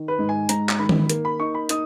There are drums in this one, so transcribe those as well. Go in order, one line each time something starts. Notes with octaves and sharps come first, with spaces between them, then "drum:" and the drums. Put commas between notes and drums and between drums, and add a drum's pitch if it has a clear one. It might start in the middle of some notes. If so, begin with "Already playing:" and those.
Already playing: D#3
B4
G#2
G#5
G#2 A#5, drum: hi-hat
drum: clap
D#3 B5
drum: tom D#3
A#3, drum: hi-hat
B5
D#4 C#6
B5
D#4 D#6, drum: hi-hat